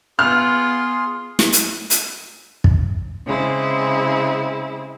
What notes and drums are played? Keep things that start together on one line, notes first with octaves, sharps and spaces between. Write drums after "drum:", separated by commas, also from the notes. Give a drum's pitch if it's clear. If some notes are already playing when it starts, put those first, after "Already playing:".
B3 F4 G#4 C6 F6
drum: snare
drum: hi-hat
drum: hi-hat
drum: kick
C#3 G#3 C4 E4